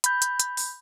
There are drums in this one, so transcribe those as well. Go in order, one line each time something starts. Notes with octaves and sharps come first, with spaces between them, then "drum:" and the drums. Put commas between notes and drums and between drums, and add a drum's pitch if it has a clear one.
B5 G6, drum: hi-hat
drum: hi-hat
drum: hi-hat
drum: open hi-hat